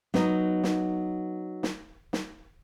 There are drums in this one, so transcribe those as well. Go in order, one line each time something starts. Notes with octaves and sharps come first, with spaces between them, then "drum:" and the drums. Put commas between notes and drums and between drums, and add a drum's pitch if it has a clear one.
F#3 B3 D#4, drum: snare
drum: snare
drum: snare
drum: snare